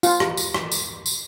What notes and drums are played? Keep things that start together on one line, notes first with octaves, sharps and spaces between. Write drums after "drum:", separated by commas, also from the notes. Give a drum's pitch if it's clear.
F4, drum: tambourine
drum: rim click
drum: tambourine
drum: rim click
drum: tambourine
drum: tambourine